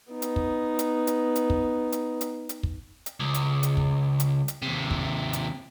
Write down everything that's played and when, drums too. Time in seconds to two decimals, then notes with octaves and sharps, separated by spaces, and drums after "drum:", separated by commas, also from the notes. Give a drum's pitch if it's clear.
0.12 B3 D#4
0.22 drum: hi-hat
0.36 drum: kick
0.79 drum: hi-hat
1.07 drum: hi-hat
1.36 drum: hi-hat
1.50 drum: kick
1.92 drum: hi-hat
2.21 drum: hi-hat
2.49 drum: hi-hat
2.63 drum: kick
3.06 drum: hi-hat
3.20 C#2
3.34 drum: hi-hat
3.63 drum: hi-hat
3.77 drum: kick
4.20 drum: hi-hat
4.48 drum: hi-hat
4.62 D#2 C3
4.91 drum: kick
5.33 drum: hi-hat